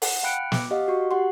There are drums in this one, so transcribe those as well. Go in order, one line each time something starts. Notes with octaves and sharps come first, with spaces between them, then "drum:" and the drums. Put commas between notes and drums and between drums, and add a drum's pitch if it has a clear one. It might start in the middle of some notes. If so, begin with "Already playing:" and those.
F#5, drum: open hi-hat
F5 G5 B5 F#6 C#7 D7
D6, drum: snare
G4 D#5 F5 F#5
F#4 C#6
G4 F#5 C6